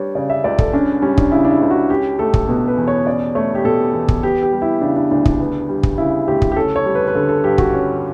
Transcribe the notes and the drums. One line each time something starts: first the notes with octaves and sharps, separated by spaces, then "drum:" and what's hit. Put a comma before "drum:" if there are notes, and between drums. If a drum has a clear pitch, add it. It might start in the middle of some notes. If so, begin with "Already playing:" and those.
Already playing: G3 D4 B4 C#5
C#3 D5
E5
C#2 D5
A4, drum: kick
C#4 D4
G3 C#4
D4, drum: kick
C#3 E4
D4
E4
C#2
F#4
C#4 G4
A3 A4
drum: kick
B2 B4
B4
E2
C#5
C#4 D5
A3 C#5
G4
B2 A4
E2
drum: kick
B3 G4
G4
G3
E4
C#3 D4
D4
D2 D4
D4, drum: kick
B3
G3
drum: kick
C#3 E4
D2 G4
drum: kick
G4
C#4 A4
C#5
G3
B4
B4
D3 A4
A4
G2 G4
F#4, drum: kick
C#4